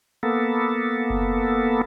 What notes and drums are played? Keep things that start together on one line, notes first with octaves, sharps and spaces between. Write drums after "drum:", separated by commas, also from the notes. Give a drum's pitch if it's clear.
A#3 B3 A4
drum: kick F#1